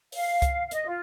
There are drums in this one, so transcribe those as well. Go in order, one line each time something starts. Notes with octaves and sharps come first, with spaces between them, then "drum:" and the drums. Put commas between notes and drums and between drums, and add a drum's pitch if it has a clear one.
F5, drum: open hi-hat
drum: kick C2, hi-hat
F5
D#5, drum: hi-hat
F4